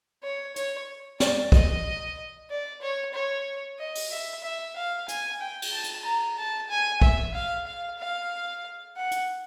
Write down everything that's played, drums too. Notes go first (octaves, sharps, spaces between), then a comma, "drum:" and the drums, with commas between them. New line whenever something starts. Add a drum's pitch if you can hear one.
C#5
C#5, drum: hi-hat
D5, drum: snare
D#5, drum: kick
D5
C#5
C#5
D#5
drum: open hi-hat
E5
E5
F5
G#5, drum: hi-hat
G5
drum: cymbal
A5
drum: hi-hat
A#5
A5
G#5
E5, drum: kick
F5
F5
F5
F#5
drum: hi-hat